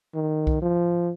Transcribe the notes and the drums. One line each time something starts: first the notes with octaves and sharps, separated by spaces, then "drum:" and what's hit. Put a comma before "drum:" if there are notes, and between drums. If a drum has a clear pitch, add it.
D#3
drum: kick C2
F3